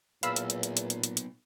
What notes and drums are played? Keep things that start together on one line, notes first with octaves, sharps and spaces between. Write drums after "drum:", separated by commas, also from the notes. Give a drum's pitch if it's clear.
B1 E2 A#2 F5 B5 E6, drum: hi-hat
drum: hi-hat
drum: hi-hat
drum: hi-hat
drum: hi-hat
drum: hi-hat
drum: hi-hat
drum: hi-hat